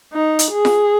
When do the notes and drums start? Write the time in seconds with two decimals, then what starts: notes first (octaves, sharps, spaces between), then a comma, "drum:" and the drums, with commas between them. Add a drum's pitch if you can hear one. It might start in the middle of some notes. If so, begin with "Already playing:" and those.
0.13 D#4
0.39 drum: hi-hat
0.52 G#4
0.65 drum: snare F4